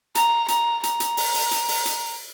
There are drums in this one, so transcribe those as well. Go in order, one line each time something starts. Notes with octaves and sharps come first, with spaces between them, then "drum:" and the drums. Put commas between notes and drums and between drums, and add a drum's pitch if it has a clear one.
A#5, drum: hi-hat
A#5, drum: hi-hat
A#5, drum: hi-hat
drum: hi-hat
drum: open hi-hat
drum: open hi-hat
drum: hi-hat
drum: open hi-hat
drum: hi-hat